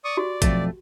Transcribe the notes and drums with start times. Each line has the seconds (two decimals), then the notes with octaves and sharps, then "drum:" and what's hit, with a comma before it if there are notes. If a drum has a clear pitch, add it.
0.04 D5 C#6 D#6
0.17 F#4 G4 D5
0.42 F2 G#2 B2 F3 F#3 A3, drum: kick A1, hi-hat